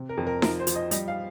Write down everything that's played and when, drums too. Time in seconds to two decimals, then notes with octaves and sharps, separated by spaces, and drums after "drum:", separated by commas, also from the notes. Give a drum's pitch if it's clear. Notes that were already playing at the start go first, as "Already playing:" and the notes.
Already playing: C3
0.09 A#4
0.17 F2
0.27 A#4
0.42 F3 A#4, drum: snare D#4
0.59 C5
0.67 F3, drum: hi-hat
0.75 D#5
0.91 G3 D#5, drum: hi-hat
1.08 F5